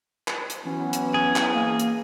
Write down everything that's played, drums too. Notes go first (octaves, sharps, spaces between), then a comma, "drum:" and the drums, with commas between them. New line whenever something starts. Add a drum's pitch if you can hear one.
drum: clap
drum: hi-hat
E3 F#3 B3 C#4
drum: hi-hat
G#4
drum: clap
A#3
drum: hi-hat